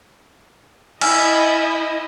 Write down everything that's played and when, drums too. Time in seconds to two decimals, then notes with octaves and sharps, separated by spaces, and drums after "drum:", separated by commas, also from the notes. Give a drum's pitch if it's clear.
1.01 E4 D#5 G#5 E6 F6, drum: cymbal